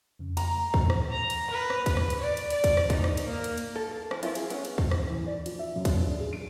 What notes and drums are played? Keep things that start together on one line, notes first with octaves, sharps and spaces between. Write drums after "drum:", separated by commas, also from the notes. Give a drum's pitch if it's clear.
F2 C#3
A#5, drum: cymbal
A3
F2 A#2 E3, drum: kick
drum: rim click
A#5
drum: cymbal
B4
drum: rim click
B4, drum: kick, cymbal
drum: rim click
drum: cymbal
D5
drum: cymbal
D5, drum: cymbal
drum: kick, cymbal
drum: rim click
D#4, drum: kick, cymbal
drum: rim click
drum: cymbal
A#3
drum: cymbal
drum: cymbal
A4
A4
E3, drum: rim click
D#3 C4 D4 E4 F4, drum: cymbal
G#4, drum: cymbal
B3 C#4, drum: cymbal
drum: cymbal
drum: kick
drum: rim click
E3
D5
F3, drum: cymbal
E5
F#2
drum: kick, cymbal
D4
G#4
D7